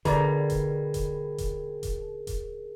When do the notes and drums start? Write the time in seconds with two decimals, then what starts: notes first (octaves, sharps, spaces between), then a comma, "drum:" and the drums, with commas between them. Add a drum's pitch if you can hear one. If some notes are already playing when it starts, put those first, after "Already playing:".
0.05 B2 D3 G3 G#4 A#4 B4 D5 A#5, drum: kick D#1, hi-hat
0.50 drum: kick D#1, hi-hat
0.94 drum: kick D#1, hi-hat
1.38 drum: kick D#1, hi-hat
1.83 drum: kick D#1, hi-hat
2.27 drum: kick D#1, hi-hat